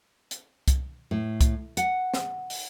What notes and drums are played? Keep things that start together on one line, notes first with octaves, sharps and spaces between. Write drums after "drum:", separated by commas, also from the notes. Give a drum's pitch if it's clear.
drum: hi-hat
drum: kick C2, hi-hat
A2
drum: kick C2, hi-hat
F#5, drum: hi-hat
drum: snare
drum: open hi-hat